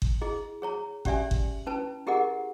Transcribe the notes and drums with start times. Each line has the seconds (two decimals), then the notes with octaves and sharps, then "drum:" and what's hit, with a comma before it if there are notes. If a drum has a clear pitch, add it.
0.02 drum: kick G1
0.21 E4 G#4 D#5
0.62 G#4 C#5 A#5
1.05 C#4 G4 D5 E5 G#5, drum: kick G1
1.31 drum: kick G1
1.66 C#4 E4 B4 A5
2.07 E4 G4 G#4 A#4 D#5 F#5